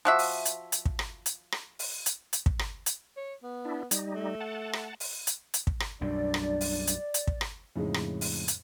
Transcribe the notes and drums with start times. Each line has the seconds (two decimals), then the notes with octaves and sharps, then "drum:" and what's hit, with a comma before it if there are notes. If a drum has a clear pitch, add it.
0.05 F3 F#4 E5
0.19 drum: open hi-hat
0.45 drum: hi-hat
0.72 drum: hi-hat
0.86 drum: kick
0.99 drum: rim click
1.26 drum: hi-hat
1.52 drum: rim click
1.79 drum: open hi-hat
2.06 drum: hi-hat
2.33 drum: hi-hat
2.46 drum: kick
2.59 drum: rim click
2.86 drum: hi-hat
3.17 C#5
3.43 B3
3.65 D4 E4
3.91 G3 D#4, drum: hi-hat
4.14 A3
4.40 F#5 A5
4.73 drum: rim click
5.00 drum: open hi-hat
5.27 drum: hi-hat
5.54 drum: hi-hat
5.67 drum: kick
5.80 drum: rim click
6.01 B1 F#2 G3 D4 D5
6.34 drum: rim click
6.61 drum: open hi-hat
6.87 drum: hi-hat
7.14 drum: hi-hat
7.27 drum: kick
7.41 drum: rim click
7.76 F2 A2 C#3 G#3 D#4
7.94 drum: rim click
8.21 drum: open hi-hat
8.48 drum: hi-hat